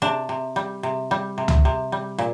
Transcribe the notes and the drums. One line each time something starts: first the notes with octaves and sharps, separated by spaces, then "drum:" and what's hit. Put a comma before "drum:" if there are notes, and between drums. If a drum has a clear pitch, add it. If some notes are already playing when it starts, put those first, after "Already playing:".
C3 D4
C3
G3
C3
G3
C3
drum: tom
C3
G3
A#2